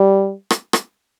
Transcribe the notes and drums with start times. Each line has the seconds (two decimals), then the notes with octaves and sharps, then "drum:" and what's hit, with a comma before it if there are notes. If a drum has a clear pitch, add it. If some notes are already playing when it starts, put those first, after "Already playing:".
Already playing: G3
0.51 drum: rim click
0.73 drum: rim click